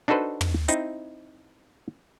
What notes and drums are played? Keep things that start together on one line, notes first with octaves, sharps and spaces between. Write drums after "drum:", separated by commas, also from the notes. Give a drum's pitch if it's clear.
D4 D#4 F#4 A4 B4 C5
drum: tom
C4 D#4 E4, drum: hi-hat